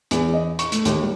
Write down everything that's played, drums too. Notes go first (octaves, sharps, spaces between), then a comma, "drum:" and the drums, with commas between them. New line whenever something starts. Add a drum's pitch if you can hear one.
E2, drum: hi-hat
D#5
C#6, drum: hi-hat
A3, drum: hi-hat
D#2, drum: hi-hat
G3